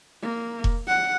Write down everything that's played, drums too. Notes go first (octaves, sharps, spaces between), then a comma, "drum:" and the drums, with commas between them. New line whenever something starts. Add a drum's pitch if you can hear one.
A#3
drum: kick E1
F#5